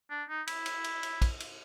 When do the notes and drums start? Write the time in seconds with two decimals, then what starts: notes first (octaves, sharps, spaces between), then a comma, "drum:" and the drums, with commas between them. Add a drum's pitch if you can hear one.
0.10 D4
0.29 D#4
0.47 E4, drum: cymbal
0.66 drum: cymbal
0.84 drum: cymbal
1.03 drum: cymbal
1.22 drum: kick, cymbal
1.40 drum: cymbal